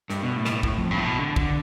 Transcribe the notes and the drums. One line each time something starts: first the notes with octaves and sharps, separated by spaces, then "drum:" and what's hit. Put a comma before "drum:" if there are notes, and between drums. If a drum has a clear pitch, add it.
G2, drum: snare
B2
A2
B2, drum: snare
A2
A2, drum: kick
F2
G2
A2
B2
D3
D3, drum: kick